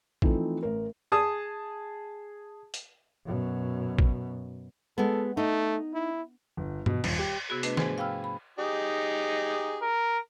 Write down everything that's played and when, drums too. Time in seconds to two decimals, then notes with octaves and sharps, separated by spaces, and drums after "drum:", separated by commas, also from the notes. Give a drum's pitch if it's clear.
0.22 E3 F3 A3 C4 D#4 A4, drum: kick
0.63 A1 A#4
1.12 G#4 A5 D#6
2.74 drum: hi-hat
3.26 F#2 B2
3.99 drum: kick
4.98 G#3 B3 A4
5.37 A3 D#4
5.94 E4
6.57 G1
6.86 B2, drum: tom G2
7.04 D#1, drum: cymbal
7.19 G4
7.49 C3 B3 F#4 G#4
7.63 A3 D4 B4 D#5, drum: hi-hat
7.77 G#2 F3 G#4 C5 G#5, drum: snare
7.98 F5 G5 B5 E6 F6
8.24 B5
8.59 D#4 G4 G#4
9.82 A#4